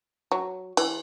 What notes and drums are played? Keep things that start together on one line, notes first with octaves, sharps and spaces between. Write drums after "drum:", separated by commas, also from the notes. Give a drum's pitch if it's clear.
F#3
E3, drum: cymbal